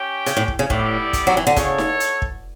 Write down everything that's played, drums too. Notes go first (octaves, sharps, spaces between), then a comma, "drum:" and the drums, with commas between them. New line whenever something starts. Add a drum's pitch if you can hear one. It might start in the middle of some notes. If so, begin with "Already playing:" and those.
Already playing: C#4 G4 C#5 G5
C#3, drum: hi-hat
A2
drum: kick
C#3
A2 G3 B3 E4 G4 D5, drum: kick
drum: kick, hi-hat
F#3
E3
D3
C#3 E4 A4 C#5, drum: kick, hi-hat
drum: snare D#4
drum: hi-hat
drum: kick